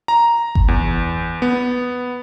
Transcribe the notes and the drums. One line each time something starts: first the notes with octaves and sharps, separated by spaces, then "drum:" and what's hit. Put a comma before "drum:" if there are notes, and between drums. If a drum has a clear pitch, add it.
A#5
drum: kick G1
E2
B3